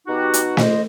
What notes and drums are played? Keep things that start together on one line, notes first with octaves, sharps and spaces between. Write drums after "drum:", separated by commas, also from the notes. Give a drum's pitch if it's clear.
B2 D#4 F#4 G4
drum: hi-hat
C5 D#5, drum: snare